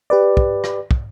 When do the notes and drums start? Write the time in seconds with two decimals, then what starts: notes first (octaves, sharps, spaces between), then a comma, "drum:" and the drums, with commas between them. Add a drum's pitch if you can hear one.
0.10 G4 B4 D5
0.37 drum: kick
0.64 drum: rim click
0.91 drum: kick